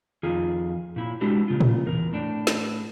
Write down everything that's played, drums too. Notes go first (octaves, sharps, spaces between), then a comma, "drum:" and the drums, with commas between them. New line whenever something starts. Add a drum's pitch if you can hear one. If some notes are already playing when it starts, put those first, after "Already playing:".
F2 D#3 F4 G#4
A#2 E4
G#3 D4 E4 F#4 G4
A#2 C#3 F4
drum: tom A2
E2 A#4
A2 D4 G5
drum: snare